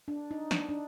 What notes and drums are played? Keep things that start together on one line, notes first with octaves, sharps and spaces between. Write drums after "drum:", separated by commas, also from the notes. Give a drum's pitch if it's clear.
D4
D#4
D4, drum: snare
D4